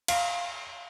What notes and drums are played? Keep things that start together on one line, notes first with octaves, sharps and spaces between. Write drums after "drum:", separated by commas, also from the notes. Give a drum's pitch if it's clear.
F5, drum: cymbal